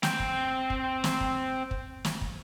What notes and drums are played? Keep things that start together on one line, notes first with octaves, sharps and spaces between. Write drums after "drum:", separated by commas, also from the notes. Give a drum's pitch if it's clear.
C4 G5, drum: snare
drum: kick
drum: kick
drum: snare
drum: kick
drum: kick
drum: snare
drum: kick